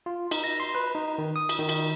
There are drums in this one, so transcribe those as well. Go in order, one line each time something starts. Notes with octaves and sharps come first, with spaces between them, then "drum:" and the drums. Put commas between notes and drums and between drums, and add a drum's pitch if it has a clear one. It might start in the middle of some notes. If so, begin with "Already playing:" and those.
F4
D#4, drum: cymbal
A#6
C6
B4
D#4
D#3
D#6
drum: cymbal
D#3
drum: cymbal